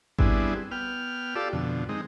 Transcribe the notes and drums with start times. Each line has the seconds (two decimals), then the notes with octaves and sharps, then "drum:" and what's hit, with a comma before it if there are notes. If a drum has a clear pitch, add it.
0.19 G3 B3 C4 D4 E4 G#4, drum: kick G#1
0.71 B3 G5 F6
1.35 F4 G4 A4 D5 E6
1.53 F2 B2 D3
1.89 G#3 C4 D#4